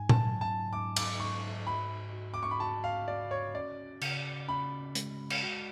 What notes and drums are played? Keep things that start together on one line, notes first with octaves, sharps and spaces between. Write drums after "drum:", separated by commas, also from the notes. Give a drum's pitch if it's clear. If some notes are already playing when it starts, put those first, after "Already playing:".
Already playing: G#2 G#5
A5, drum: tom A#2
F#3
A5
G#2 D6
D6, drum: cymbal
G#2 C#6
F#4 B5
F#4
D6
C#6
B5
F#4 A5
F5
F#4 D5
C#5
C#4 D5
C#3, drum: cymbal
C#4 B5
G#3, drum: hi-hat
drum: cymbal
F#4